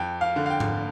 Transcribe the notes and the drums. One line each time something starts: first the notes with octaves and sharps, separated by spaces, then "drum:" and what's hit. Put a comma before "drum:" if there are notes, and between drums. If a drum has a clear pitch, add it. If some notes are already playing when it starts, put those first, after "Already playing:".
Already playing: F2 G5
F5
D3
F5
G5
drum: tom G#2